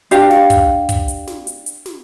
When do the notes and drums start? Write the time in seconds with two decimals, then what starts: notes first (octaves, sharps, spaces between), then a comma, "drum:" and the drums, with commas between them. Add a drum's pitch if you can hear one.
0.11 D4 G4 F5, drum: hi-hat
0.31 drum: snare
0.50 drum: kick, hi-hat
0.89 drum: kick, hi-hat
1.08 drum: hi-hat
1.27 drum: snare
1.47 drum: hi-hat
1.66 drum: hi-hat
1.86 drum: snare